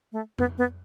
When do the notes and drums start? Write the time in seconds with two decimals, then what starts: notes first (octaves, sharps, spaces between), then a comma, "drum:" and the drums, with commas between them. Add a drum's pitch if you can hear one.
0.12 A3
0.38 B3, drum: tom F2
0.58 B3